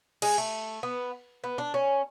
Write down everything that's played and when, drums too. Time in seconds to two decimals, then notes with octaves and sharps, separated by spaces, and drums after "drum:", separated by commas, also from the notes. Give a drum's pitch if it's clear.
0.22 G#3, drum: cymbal
0.38 A3
0.83 B3
1.44 B3
1.58 D4
1.74 C#4